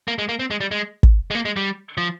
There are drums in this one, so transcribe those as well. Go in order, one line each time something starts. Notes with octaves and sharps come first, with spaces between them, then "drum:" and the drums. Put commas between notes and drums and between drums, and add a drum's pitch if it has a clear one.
A#3
G#3
A#3
C4
G#3
G3
G#3
drum: kick
G#3
A#3
G#3
G3
F3